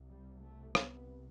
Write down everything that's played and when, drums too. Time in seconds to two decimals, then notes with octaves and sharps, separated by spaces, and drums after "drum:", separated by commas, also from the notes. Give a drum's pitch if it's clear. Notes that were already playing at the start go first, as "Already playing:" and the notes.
Already playing: C2 C3
0.08 G3
0.42 A3
0.75 B3, drum: rim click